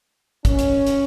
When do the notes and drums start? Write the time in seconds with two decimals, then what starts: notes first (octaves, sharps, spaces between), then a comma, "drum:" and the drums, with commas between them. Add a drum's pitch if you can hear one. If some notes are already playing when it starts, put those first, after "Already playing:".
0.45 F#2 D#3 C#4, drum: kick, hi-hat
0.59 drum: hi-hat
0.87 drum: hi-hat